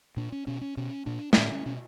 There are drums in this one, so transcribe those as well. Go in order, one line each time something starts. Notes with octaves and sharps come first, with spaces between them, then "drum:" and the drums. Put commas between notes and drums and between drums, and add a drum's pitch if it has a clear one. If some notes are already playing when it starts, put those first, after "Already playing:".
A#2 D4
C#4
B2 C#4
C#4
B2 C#4
A#2 D4
C4, drum: snare
A2 C#4
C#4
B2 C#4